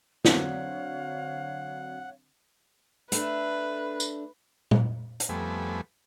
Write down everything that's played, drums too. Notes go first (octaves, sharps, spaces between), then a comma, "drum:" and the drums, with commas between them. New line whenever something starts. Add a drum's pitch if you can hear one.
D3 F#3 C4 C#5 F5 F#5, drum: snare
A3 D4 B4, drum: hi-hat
drum: tambourine
drum: tom A#2
drum: hi-hat
F2 G3 A3 B3 G#5 B5